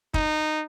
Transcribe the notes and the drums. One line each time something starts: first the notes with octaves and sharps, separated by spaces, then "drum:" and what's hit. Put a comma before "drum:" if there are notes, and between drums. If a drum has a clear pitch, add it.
D#4, drum: kick